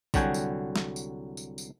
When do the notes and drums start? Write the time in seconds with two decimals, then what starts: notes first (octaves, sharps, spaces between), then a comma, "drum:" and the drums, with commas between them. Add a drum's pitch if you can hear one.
0.14 C2 D3 F#3 F#4 G5 G#5, drum: kick A#1, tambourine
0.34 drum: tambourine
0.76 drum: snare
0.96 drum: tambourine
1.37 drum: tambourine
1.58 drum: tambourine